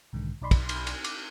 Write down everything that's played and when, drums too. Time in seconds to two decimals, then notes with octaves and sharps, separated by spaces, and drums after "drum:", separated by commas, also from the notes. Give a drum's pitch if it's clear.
0.13 B1 G#2 D3 D#3
0.41 B1 D#4 D5 B5 C6
0.51 drum: kick, cymbal
0.69 drum: cymbal
0.87 drum: cymbal
1.04 D6, drum: cymbal